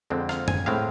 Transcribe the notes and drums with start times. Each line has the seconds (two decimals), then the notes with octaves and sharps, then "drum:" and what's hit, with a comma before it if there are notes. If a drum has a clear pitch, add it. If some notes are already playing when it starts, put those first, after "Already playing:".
0.10 F2 D3 G#3 C4
0.29 F5, drum: rim click
0.48 G#5, drum: tom F#2
0.66 A2 G#3 C4 F5